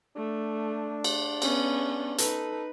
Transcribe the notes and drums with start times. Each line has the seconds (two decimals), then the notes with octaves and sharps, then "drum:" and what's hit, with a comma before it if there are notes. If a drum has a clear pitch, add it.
0.16 A3 D4
1.04 drum: cymbal
1.42 B3 C#4, drum: cymbal
2.18 D#4 A4 B4, drum: hi-hat